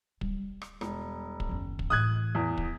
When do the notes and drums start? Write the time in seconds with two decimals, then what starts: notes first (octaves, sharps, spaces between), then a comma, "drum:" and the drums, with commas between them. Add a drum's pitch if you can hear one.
0.21 G3, drum: kick
0.62 drum: rim click
0.81 E1, drum: rim click
1.40 drum: kick
1.49 F#1 D#2
1.79 drum: kick
1.90 A2 E3 D#6 F#6 G#6
2.35 E2
2.57 drum: kick